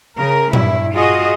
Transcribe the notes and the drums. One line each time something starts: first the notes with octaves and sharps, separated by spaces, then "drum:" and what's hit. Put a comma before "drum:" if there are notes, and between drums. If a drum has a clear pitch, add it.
C#3 A#4
G2 E4, drum: tom A#2
F4 F#4 G#4 D#5